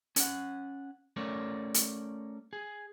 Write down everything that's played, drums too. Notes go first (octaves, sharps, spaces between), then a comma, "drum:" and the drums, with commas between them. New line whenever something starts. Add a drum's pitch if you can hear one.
C#4 F#5, drum: hi-hat
A3 C#4 A#4 C#5 D5
drum: hi-hat
G#4